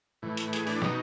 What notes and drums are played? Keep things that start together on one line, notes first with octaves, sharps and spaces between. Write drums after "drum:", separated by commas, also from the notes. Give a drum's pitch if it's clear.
A2 E3
drum: hi-hat
G#4, drum: hi-hat
D4, drum: open hi-hat
B2 D#4, drum: snare